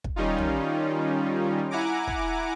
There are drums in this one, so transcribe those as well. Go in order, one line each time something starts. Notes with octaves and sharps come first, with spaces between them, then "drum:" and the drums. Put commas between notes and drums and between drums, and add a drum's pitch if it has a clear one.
drum: kick
D#3 G3 C#4 D#4 F4
drum: tom
E4 F#5 G#5 A#5 D6
drum: kick